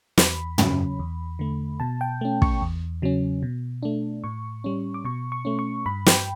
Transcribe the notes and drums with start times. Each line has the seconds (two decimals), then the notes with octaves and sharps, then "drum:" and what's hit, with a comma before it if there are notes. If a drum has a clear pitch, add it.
0.18 E2 B5, drum: snare
0.58 C#3 F#3 C#4, drum: tom
0.99 E2
1.39 D3 A3
1.80 B2 A5
2.01 G5
2.21 A3 C#4
2.42 C#6, drum: kick
2.61 E2
3.02 C#3 F#3 C#4
3.43 B2
3.83 A3 D4
4.24 A2 C#6
4.64 G3 C#4
4.94 D6
5.05 B2 C#6
5.32 C#6
5.45 A3 C#4
5.59 C#6
5.86 G2 B5
6.06 G5, drum: snare